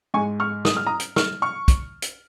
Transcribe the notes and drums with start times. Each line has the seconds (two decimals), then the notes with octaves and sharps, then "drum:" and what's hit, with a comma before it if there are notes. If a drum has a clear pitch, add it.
0.14 G#2 G#3 G#5 C#6
0.40 C#6 F6
0.65 D#6, drum: snare
0.77 F6
0.87 A#5 D#6
1.00 drum: hi-hat
1.16 C#6 F6, drum: snare
1.42 C#6 F6
1.68 drum: kick, hi-hat
2.02 drum: hi-hat